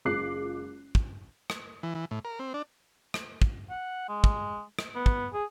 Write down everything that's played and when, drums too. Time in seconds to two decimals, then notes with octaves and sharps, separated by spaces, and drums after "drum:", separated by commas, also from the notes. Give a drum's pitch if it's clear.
0.05 F#1 G#3 F4 D6 F#6 C7
0.95 drum: kick
1.50 drum: rim click
1.83 E3
1.95 E3
2.11 A2
2.25 A#4
2.39 C4
2.54 D4
3.14 drum: rim click
3.42 drum: kick
3.70 F#5
4.09 G#3
4.24 drum: kick
4.79 drum: rim click
4.95 B3
5.06 drum: kick
5.33 G#4